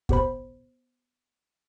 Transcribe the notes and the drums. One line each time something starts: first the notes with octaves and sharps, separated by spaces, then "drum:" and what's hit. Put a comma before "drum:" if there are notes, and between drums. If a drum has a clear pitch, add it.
B3 G4 C5 B5, drum: kick